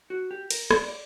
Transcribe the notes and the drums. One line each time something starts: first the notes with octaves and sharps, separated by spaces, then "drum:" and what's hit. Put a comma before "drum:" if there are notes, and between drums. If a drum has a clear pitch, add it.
F#4
G4
A#4, drum: cymbal
D5, drum: rim click
D5